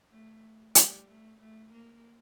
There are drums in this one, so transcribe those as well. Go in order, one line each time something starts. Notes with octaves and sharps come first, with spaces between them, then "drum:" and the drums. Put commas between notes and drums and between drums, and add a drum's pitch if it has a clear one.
A3
G3, drum: hi-hat
A3
A3
A#3